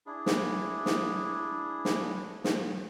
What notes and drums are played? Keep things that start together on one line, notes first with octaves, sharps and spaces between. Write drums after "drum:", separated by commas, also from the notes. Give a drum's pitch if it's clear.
D4 E4 G#4
drum: snare
drum: snare
drum: snare
drum: snare